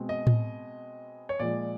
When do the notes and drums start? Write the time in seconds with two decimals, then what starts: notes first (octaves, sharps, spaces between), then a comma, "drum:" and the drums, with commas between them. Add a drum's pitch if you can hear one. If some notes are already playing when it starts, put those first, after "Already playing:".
Already playing: B2 G#3 C4
0.09 D#5
0.27 drum: tom A2
1.29 C#5
1.39 A#2 F3 G#3 D5